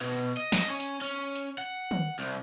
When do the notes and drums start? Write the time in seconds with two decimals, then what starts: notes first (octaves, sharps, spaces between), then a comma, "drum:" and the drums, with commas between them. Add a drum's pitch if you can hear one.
0.01 B2
0.37 D#5
0.52 drum: snare
0.70 C#4
0.80 drum: hi-hat
1.02 C#4
1.36 drum: hi-hat
1.58 F#5
1.91 drum: tom
2.19 C2